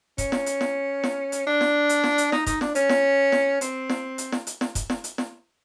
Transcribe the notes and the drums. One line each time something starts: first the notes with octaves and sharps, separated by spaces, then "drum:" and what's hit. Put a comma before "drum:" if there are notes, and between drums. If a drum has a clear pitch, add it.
C#4, drum: kick F1, hi-hat
drum: snare
drum: hi-hat
drum: snare
drum: snare
drum: hi-hat
D4
drum: snare
drum: hi-hat
drum: snare
drum: hi-hat
D#4, drum: snare
D#4, drum: kick F1, hi-hat
D4, drum: snare
C#4, drum: hi-hat
drum: snare
drum: snare
C4, drum: hi-hat
drum: snare
drum: hi-hat
drum: snare
drum: hi-hat
drum: snare
drum: kick F1, hi-hat
drum: snare
drum: hi-hat
drum: snare